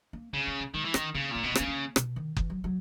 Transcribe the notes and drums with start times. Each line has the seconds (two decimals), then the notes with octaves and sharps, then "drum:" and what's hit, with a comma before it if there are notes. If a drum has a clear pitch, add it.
0.13 A#3
0.33 C#3 C#4
0.47 B3
0.60 A#3
0.74 D#3 G#3
0.85 E3
0.94 D#3 C#4, drum: rim click
1.15 C#3 A#3
1.31 A#2 A#3
1.43 B2 B3
1.51 A#3
1.55 C#3 B3, drum: rim click
1.68 A#3
1.96 B2, drum: rim click
2.16 D#3
2.37 E3, drum: kick F#1
2.50 F#3
2.64 F#3